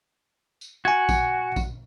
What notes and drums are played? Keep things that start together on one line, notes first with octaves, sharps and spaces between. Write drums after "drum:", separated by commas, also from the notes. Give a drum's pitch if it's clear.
drum: tambourine
F#4 G#5 G#6
drum: kick A#1, tambourine
drum: kick A#1, tambourine